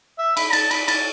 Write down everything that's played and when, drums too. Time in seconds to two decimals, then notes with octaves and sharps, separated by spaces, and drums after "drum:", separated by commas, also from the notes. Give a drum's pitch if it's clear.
0.18 E5
0.37 B5, drum: cymbal
0.53 A5, drum: cymbal
0.71 B5, drum: cymbal
0.88 A5, drum: cymbal